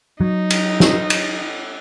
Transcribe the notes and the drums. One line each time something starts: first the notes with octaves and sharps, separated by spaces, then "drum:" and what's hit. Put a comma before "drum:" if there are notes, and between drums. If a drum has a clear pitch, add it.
F#3 D#4
drum: cymbal
drum: snare
drum: cymbal